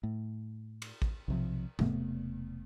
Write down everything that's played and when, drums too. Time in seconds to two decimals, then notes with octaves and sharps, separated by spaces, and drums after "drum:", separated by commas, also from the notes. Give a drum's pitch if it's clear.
0.03 A2
0.82 drum: cymbal
1.02 drum: kick
1.28 B1 C3 F3
1.79 E1 C3 A3 B3, drum: tom